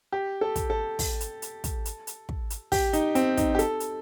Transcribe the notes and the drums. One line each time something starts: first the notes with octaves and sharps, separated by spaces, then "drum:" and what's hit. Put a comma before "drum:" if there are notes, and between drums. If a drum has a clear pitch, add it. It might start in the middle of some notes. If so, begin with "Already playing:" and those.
G4
A4
drum: kick, hi-hat
A4
drum: kick, open hi-hat
drum: hi-hat
drum: hi-hat
drum: kick, hi-hat
drum: hi-hat
drum: hi-hat
drum: kick
drum: hi-hat
G4, drum: kick, open hi-hat
D#4, drum: hi-hat
C4, drum: hi-hat
D#4, drum: kick, hi-hat
G4
A4, drum: hi-hat
drum: hi-hat